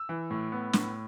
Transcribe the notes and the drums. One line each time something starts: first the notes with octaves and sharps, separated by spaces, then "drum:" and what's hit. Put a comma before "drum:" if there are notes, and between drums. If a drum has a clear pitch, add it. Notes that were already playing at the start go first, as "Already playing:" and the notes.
Already playing: E6
E3
A2
B3
A2, drum: snare